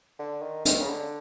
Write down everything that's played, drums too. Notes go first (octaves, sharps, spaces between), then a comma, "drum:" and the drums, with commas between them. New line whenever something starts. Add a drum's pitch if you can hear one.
D3
D#3
D#3, drum: hi-hat
C#3
D3